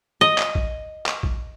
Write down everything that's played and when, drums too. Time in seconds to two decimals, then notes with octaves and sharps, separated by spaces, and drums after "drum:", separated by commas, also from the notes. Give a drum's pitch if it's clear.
0.21 D#5
0.38 drum: clap
0.55 drum: kick A#1
1.06 drum: clap
1.23 drum: kick A#1